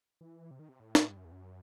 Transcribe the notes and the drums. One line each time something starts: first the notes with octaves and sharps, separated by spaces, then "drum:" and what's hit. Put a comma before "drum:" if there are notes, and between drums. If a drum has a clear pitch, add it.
E3
C3
D#3
C3
A2
drum: snare
G2
F#2
E2
F#2